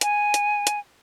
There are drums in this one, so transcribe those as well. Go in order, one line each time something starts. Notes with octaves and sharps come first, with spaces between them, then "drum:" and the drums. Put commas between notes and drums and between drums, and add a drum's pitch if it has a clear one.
G#5, drum: hi-hat
drum: hi-hat
drum: hi-hat